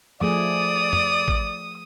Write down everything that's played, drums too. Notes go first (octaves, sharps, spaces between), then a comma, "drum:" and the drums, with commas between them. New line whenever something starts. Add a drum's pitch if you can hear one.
F3 A3 G#4 D5 D#6
drum: tom
drum: kick